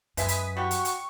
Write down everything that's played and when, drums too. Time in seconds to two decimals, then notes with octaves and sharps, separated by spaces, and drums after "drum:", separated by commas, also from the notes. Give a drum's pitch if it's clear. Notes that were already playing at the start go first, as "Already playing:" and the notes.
0.17 F#2 G#3 B4 E5 G#5 D#6 B6, drum: hi-hat
0.28 drum: hi-hat
0.57 G3 F#4 G4 C#6
0.71 drum: hi-hat
0.85 drum: hi-hat